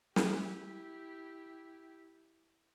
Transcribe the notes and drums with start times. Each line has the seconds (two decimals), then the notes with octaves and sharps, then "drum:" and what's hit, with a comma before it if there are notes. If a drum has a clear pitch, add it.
0.16 E4 G4, drum: snare